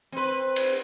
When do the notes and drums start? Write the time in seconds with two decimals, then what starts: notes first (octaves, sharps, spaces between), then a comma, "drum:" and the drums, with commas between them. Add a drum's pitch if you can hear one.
0.12 C4 B4
0.56 drum: cymbal